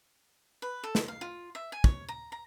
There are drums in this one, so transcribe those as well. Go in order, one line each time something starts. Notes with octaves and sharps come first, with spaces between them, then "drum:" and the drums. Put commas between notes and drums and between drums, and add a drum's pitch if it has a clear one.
B4
A4
drum: snare
F5
F4
E5
G#5
C#5, drum: kick
A#5
A#5